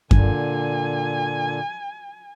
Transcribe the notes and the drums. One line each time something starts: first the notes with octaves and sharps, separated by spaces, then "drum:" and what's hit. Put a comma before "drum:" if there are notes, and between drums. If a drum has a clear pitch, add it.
A#2 D3 G#5, drum: kick F#2